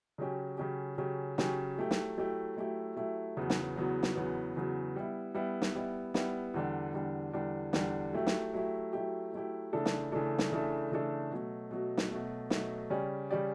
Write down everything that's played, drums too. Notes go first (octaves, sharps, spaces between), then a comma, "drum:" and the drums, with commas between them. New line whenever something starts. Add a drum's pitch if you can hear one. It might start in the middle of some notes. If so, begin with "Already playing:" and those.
C#3 F#3 C#4 G4
C#3 F#3 C#4 G4
C#3 F#3 C#4 G4
C#3 F#3 C#4 G4, drum: snare
F#3 A3 E4 G4
drum: snare
F#3 A3 E4 G4
F#3 A3 E4 G4
F#3 A3 E4 G4
E2 C#3 F#3 B3
drum: snare
E2 C#3 F#3 B3
drum: snare
E2 C#3 F#3 B3
E2 C#3 F#3 B3
G3 B3 E4
G3 B3 E4
drum: snare
G3 B3 E4
G3 B3 E4, drum: snare
E2 D3 G3 D4
E2 D3 G3 D4
E2 D3 G3 D4
E2 D3 G3 D4, drum: snare
F#3 A3 E4 G4
drum: snare
F#3 A3 E4 G4
F#3 A3 E4 G4
F#3 A3 E4 G4
C#3 E3 A3 D4 A4
drum: snare
C#3 E3 A3 D4 A4
drum: snare
C#3 E3 A3 D4 A4
C#3 E3 A3 D4 A4
B2 F#3 A3
B2 F#3 A3
drum: snare
B2 F#3 A3
B2 F#3 A3, drum: snare
C#3 G3 C#4 G4 D5
C#3 G3 C#4 G4 D5